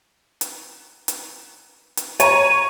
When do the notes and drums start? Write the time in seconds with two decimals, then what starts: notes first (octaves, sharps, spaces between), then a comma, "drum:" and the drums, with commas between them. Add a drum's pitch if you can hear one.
0.41 drum: hi-hat
1.08 drum: hi-hat
1.97 drum: hi-hat
2.20 C#5 A#5 D#7, drum: hi-hat